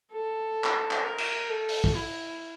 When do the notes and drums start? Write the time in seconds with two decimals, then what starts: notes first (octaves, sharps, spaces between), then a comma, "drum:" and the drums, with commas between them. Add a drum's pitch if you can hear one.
0.13 A4
0.64 drum: clap
0.91 drum: clap
1.04 A#4
1.18 drum: cymbal
1.49 A4
1.69 drum: open hi-hat
1.84 drum: kick
1.94 E4